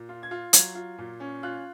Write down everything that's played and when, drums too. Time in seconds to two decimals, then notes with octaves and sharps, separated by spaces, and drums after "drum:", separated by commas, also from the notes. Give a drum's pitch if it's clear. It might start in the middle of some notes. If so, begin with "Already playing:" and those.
Already playing: A#2
0.09 F4
0.23 G#6
0.31 F4
0.53 F#3 G#6, drum: hi-hat
0.75 F4
0.98 A#2
1.20 C#4
1.43 F4 F#6